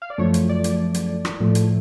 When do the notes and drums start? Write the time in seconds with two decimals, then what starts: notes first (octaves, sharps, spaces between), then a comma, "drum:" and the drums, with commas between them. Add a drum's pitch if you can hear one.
0.02 F5
0.10 D5
0.18 F#2 F3 A3 C#5
0.34 drum: hi-hat
0.49 D5
0.64 drum: hi-hat
0.94 drum: hi-hat
1.25 drum: rim click
1.40 A2 F3 A3
1.55 drum: hi-hat